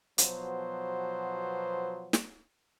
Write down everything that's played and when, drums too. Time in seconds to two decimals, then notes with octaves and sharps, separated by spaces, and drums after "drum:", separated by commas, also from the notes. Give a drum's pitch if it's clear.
0.18 B2 F3 F#3 B3 C5, drum: hi-hat
2.13 drum: snare